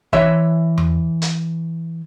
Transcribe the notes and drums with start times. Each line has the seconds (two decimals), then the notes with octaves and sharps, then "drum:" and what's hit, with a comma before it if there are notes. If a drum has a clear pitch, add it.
0.13 E3 C#5 E5, drum: kick
0.78 drum: tom E2
1.22 drum: hi-hat